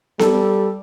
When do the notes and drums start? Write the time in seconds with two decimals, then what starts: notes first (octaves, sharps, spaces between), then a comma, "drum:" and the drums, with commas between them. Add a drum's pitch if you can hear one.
0.19 G3 A4, drum: snare B3